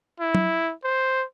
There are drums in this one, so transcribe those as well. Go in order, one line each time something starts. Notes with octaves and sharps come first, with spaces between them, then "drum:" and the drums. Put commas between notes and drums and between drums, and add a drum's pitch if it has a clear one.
E4
drum: tom F#3
C5